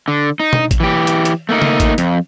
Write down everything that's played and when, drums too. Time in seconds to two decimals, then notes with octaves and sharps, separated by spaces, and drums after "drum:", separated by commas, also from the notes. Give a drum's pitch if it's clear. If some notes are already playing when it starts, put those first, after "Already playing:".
0.08 D3
0.40 D#4
0.53 drum: tom B2
0.71 drum: kick, hi-hat
0.80 E3 G4
1.07 drum: hi-hat
1.25 drum: hi-hat
1.49 A3 A#3 D#4
1.62 drum: tom C#3
1.80 drum: kick, hi-hat
1.98 F2, drum: hi-hat